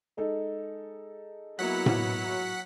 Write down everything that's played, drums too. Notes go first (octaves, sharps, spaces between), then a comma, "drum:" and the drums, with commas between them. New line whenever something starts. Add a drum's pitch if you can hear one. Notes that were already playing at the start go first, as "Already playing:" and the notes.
G#3 D#4 A4
F#3 A#3 B3 E4 F#5 F#6 B6
drum: tom A2